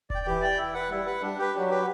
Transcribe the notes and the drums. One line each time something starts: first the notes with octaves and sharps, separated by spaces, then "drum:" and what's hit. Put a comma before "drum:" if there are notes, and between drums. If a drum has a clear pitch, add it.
D5 G5, drum: kick E1
E3 G4
D5 G5
E4
B4 F#5
G3 E4
B4 F#5
G3 D4
G4 B4
F#3 D4
G4 B4